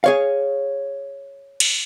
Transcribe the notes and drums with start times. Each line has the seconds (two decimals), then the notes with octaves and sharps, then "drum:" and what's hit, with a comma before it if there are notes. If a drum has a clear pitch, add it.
0.04 G#4 C#5 F5
1.60 drum: cymbal